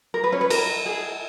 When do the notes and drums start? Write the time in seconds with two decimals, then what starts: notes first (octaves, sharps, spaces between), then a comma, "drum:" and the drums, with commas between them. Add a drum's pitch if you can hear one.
0.14 A#4
0.24 B4
0.32 C#4 C#5
0.41 B4
0.50 A#4, drum: cymbal
0.86 G#4